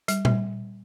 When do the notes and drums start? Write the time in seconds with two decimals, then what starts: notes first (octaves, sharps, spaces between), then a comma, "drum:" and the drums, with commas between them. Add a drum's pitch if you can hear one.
0.08 G3, drum: hi-hat
0.25 G3, drum: tom A#2